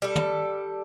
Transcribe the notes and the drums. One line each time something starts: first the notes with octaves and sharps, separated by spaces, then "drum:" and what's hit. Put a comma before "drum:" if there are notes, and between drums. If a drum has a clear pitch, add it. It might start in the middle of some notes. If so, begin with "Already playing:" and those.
G3 A4
drum: tom